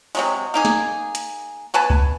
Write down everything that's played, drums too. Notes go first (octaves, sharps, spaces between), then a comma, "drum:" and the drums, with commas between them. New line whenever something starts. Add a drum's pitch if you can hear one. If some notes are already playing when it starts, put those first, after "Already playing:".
C3 F#3 G#3, drum: open hi-hat
A#3 D#4 G#4
drum: snare
drum: hi-hat
B2 B4 G#5 A5
drum: kick C#2